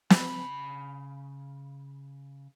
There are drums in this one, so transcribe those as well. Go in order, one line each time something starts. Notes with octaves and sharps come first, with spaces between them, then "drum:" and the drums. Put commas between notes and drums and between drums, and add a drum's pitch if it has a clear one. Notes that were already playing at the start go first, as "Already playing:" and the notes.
C#3 B5, drum: snare